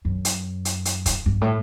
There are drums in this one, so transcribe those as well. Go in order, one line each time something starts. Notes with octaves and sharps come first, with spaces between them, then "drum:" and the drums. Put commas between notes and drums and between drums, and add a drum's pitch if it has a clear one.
F#2
drum: hi-hat
drum: hi-hat
drum: hi-hat
drum: kick, hi-hat
G2
A2